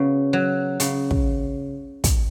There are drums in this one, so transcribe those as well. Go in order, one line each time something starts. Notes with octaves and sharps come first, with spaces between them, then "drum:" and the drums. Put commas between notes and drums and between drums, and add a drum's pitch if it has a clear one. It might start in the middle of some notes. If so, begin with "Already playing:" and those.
Already playing: C#3 F#3 B3 C#4
F#3
C#3, drum: hi-hat
drum: kick
drum: kick, hi-hat